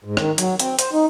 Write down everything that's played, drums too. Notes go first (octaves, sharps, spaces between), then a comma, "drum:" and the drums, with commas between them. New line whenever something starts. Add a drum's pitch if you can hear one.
G#2
D#3, drum: rim click
F#3, drum: hi-hat
C4, drum: hi-hat
C5, drum: hi-hat
D#4